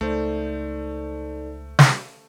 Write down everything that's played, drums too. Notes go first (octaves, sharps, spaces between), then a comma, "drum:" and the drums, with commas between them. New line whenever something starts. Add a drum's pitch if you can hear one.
C#2 A3 D#4 A4 C5 D5
drum: snare